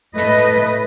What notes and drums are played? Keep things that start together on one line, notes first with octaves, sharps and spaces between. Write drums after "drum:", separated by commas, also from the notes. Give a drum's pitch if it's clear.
A2 A3 B4 D#5, drum: hi-hat
drum: hi-hat